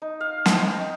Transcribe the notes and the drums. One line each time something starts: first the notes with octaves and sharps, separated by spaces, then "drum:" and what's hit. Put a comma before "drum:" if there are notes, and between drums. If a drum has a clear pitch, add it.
D#4
F5
C4, drum: snare
D#4